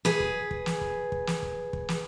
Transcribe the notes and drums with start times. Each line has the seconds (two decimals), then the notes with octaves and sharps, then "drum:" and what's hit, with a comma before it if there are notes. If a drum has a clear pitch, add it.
0.05 G#4 B4, drum: snare
0.20 drum: kick
0.51 drum: kick
0.66 drum: snare
0.81 drum: kick
1.12 drum: kick
1.27 drum: snare
1.43 drum: kick
1.73 drum: kick
1.89 drum: snare